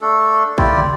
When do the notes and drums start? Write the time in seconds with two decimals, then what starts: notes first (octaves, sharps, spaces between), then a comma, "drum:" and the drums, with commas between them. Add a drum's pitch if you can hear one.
0.01 A3 D4 A4
0.58 E4 F4 G4 D5, drum: kick
0.78 drum: tom